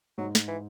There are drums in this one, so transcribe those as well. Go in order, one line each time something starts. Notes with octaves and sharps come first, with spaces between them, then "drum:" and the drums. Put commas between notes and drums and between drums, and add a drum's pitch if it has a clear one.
G#2 F#3
drum: snare
E3